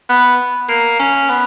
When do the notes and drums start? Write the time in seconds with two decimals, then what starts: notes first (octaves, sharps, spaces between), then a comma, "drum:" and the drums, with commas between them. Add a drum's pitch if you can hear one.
0.09 B3
0.68 A#3, drum: hi-hat
0.99 C#4
1.14 drum: hi-hat
1.29 B3